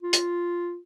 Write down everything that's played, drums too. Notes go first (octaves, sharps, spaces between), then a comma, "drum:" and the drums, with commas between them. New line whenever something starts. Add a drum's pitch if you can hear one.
F4
drum: hi-hat